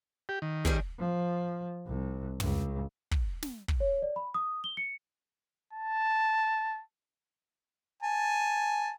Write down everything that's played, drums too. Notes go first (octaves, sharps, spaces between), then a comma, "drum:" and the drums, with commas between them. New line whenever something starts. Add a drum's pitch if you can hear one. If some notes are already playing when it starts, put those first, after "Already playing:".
G4
D#3
G3 C#4 G#4, drum: kick
F3
C2
C#2, drum: tom
drum: kick
drum: snare
drum: kick
C#5
D5
B5
D#6
G7
C#7
A5
G#5 A5